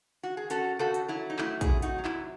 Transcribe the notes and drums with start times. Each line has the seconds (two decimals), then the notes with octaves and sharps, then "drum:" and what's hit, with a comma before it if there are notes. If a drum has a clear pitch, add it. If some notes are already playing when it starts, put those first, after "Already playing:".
0.23 F#4
0.37 G#4
0.50 C#4 F#4 A4, drum: hi-hat
0.79 C#3 F#4 A4
0.94 drum: hi-hat
1.08 F#3 E4
1.30 D#4
1.39 A3 E4, drum: clap
1.61 E4 G#4, drum: kick, hi-hat
1.68 C3
1.82 D#4 F#4, drum: hi-hat
1.98 F#3
2.05 E4, drum: clap